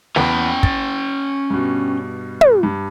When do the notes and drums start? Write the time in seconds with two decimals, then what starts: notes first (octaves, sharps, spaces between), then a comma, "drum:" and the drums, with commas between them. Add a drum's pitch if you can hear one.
0.16 E2 B3 C#4 G5, drum: snare
0.63 A6, drum: kick
1.50 G2 B2
2.41 drum: tom
2.63 G2